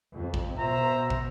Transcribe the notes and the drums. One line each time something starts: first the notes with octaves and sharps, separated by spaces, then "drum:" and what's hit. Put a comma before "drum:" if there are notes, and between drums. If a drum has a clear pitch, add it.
F2
drum: kick
B2 C5 E5 A#5
drum: kick